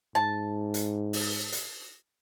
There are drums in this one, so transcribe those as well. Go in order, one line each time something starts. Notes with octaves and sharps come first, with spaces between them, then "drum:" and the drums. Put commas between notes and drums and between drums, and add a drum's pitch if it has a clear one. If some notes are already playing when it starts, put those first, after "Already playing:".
G#2 A5
drum: hi-hat
drum: open hi-hat
drum: hi-hat